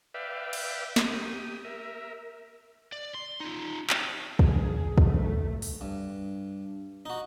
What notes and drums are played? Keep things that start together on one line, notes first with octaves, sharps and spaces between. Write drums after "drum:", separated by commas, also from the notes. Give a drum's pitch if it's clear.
B4 D5 E5 F5 G5
drum: cymbal
G4 D#6, drum: snare
A#4 E5
D5
C6
D#4 F4
G4, drum: clap
G#4, drum: kick
A3, drum: kick
drum: open hi-hat
G2
D#4 F#4